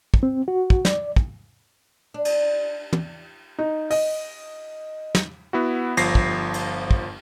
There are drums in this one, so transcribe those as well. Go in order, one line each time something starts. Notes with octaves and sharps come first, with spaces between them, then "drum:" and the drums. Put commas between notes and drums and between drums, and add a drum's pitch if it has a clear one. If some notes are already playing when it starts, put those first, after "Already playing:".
drum: kick
C4
F#4
drum: kick
D5, drum: snare
drum: kick
D4
drum: cymbal
drum: tom
D#4
D#5, drum: open hi-hat
drum: snare
B3 E4 F#4
G1 F3 A#6 C7, drum: cymbal
drum: kick
drum: cymbal
drum: kick